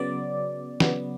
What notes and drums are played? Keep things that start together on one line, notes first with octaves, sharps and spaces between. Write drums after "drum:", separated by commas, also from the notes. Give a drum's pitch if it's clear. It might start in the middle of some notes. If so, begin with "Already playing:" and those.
Already playing: C#3 F#3 B3 D5
C#3 F#3 B3, drum: snare